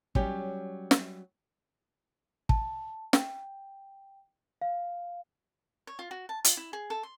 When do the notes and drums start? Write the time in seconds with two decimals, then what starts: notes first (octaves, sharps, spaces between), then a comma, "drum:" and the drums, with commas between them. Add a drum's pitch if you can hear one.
0.15 F#3 G3 C#4 G4, drum: kick
0.91 drum: snare
2.49 A5, drum: kick
3.13 G5, drum: snare
4.62 F5
5.87 C#5
5.99 F4
6.11 F#4
6.29 A5
6.44 F4, drum: hi-hat
6.57 E4
6.73 G#4
6.90 A4
7.03 C6